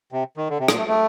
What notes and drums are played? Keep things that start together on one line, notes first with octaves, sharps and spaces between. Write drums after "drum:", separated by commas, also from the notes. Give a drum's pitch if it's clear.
C3
D#3
D3
C3
A#2, drum: rim click
A3
A3